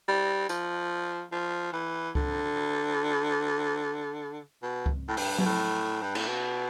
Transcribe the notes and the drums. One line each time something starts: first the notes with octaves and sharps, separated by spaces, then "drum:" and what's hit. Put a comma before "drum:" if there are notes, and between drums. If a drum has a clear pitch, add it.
G3
F3, drum: tambourine
F3
E3
D3, drum: kick C#2
B2
drum: kick C#2
A2
G2, drum: open hi-hat
B2, drum: tom F#3
A2
G2
A2, drum: cymbal
B2